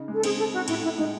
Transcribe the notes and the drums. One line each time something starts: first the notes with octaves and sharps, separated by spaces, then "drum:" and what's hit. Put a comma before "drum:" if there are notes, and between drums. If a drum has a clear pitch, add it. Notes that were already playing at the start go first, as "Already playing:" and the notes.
Already playing: C#3 D#4
G#3
A4
C4 G#4, drum: cymbal
C#3 A4
D#4 F#4
A2 E4, drum: cymbal
A2 E4
G#3 D#4